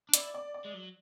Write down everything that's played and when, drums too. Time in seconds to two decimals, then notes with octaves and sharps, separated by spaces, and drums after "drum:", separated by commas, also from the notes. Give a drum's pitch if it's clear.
0.09 D4
0.14 E4 D5, drum: hi-hat
0.34 D5
0.54 D5
0.65 G#3
0.74 F#3